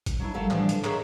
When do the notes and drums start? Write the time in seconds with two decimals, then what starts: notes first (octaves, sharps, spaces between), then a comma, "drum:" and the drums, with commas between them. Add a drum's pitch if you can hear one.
0.06 drum: kick G1, hi-hat
0.19 F#3 D4 E4
0.34 F#3 G3 A3 F4 A4 A#4
0.50 A2 E3 F3 G3 D4, drum: clap
0.69 D3, drum: hi-hat
0.84 G#4 A#4 C#5 D#5 E5, drum: clap